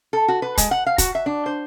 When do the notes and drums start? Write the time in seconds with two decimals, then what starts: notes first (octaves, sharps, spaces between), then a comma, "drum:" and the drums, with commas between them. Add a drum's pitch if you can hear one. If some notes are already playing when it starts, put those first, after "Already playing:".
0.13 A4
0.28 F#4
0.42 B4
0.58 G#3, drum: kick, hi-hat
0.71 F#5
0.86 F5
0.98 F#4, drum: kick, hi-hat
1.15 E5
1.26 D4
1.46 C5